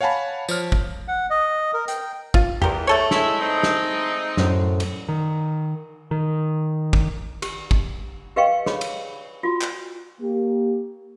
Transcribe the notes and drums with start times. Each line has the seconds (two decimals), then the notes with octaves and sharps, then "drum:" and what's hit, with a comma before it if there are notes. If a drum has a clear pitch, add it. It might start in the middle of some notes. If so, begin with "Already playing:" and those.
0.01 C#5 F5 F#5 G#5 A5 B5
0.49 F3 C#5 F6, drum: tambourine
0.72 drum: kick
1.08 F#5
1.30 D#5
1.74 A#4
1.88 G5, drum: hi-hat
2.34 F4, drum: kick
2.62 E2 G4 A#4, drum: tom E2
2.87 A3 A4 C#5
3.11 G#3 E4, drum: snare
3.40 G#3 C4 D#4
3.63 drum: snare
4.37 F#2 A2 C5, drum: snare
4.80 drum: cymbal
5.08 D#3
6.11 D#3
6.93 drum: kick
7.42 G4, drum: cymbal
7.71 drum: kick
8.36 G4 B4 D#5 F5 G5 C#6
8.66 G#4 C#5 B5, drum: snare
8.81 drum: cymbal
9.43 F4 F#4
9.61 drum: clap
10.20 A#3 G4